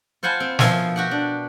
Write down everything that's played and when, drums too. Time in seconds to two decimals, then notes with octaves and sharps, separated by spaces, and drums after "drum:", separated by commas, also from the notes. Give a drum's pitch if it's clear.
0.23 F4 C5 F#5 G#5 A5 B5
0.40 C4
0.59 B2 F3 A#4 E5 G#5, drum: snare
0.96 F#4 G4 F#5
1.11 D4